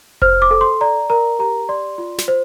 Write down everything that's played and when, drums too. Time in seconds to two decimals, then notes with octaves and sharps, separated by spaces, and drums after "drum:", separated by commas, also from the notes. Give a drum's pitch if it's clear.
0.22 C5 F6, drum: kick F1
0.42 D6
0.51 A4
0.61 C6
0.81 D5 A#5
1.10 A#4 A#5
1.39 G4 A#5
1.69 D5 C6
1.98 F4
2.18 drum: snare
2.28 C5